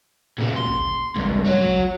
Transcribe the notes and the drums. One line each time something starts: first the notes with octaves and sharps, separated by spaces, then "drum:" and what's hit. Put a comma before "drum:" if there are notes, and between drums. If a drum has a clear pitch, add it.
A#2 C#3
C6
drum: kick
C#2 G2, drum: kick
F#4 C#5
drum: kick